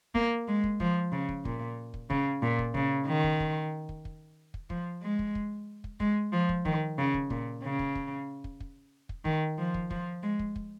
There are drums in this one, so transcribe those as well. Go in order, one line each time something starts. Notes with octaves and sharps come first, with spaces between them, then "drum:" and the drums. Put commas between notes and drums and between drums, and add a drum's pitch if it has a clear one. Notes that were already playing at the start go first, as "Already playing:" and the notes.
A#3, drum: kick
G#3
drum: kick
F3, drum: kick
C#3
drum: kick
A#2, drum: kick
drum: kick
C#3, drum: kick
A#2
drum: kick
C#3, drum: kick
D#3
drum: kick
drum: kick
drum: kick
drum: kick
drum: kick
F3, drum: kick
G#3
drum: kick
drum: kick
drum: kick
G#3, drum: kick
F3
drum: kick
D#3, drum: kick
C#3
drum: kick
A#2, drum: kick
C#3
drum: kick
drum: kick
drum: kick
drum: kick
drum: kick
D#3, drum: kick
F3
drum: kick
F3, drum: kick
G#3
drum: kick
drum: kick